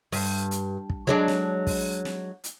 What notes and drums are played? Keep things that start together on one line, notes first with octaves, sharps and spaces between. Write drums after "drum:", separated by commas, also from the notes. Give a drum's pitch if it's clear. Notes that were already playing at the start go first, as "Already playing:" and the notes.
G2, drum: open hi-hat
drum: hi-hat
drum: kick
F#3 G#3 D4
drum: snare
drum: kick, open hi-hat
drum: snare
drum: hi-hat